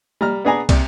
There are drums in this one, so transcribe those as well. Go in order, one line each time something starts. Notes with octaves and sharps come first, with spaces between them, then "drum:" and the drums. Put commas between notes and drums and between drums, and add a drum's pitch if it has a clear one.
G3 A#5 F6
B3 D4 G#4 G#5 A#5
C3 D5, drum: kick, cymbal